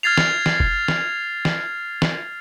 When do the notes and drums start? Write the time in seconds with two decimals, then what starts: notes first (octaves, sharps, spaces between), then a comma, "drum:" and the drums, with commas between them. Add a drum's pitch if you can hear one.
0.03 F6 G#6 A6 C7 F7
0.17 drum: snare
0.46 drum: snare
0.60 drum: kick
0.88 drum: snare
1.45 drum: snare
2.02 drum: snare